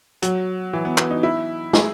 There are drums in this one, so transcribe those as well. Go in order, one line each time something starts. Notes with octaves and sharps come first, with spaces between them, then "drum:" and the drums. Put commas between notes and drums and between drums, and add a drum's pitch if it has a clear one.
F#3, drum: hi-hat
E3
B3
B3, drum: clap
D#4
E4
G#4, drum: snare